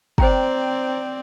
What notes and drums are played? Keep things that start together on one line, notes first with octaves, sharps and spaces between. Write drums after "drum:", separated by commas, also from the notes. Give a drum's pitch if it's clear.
C4 C5 D5 G5 A#5, drum: kick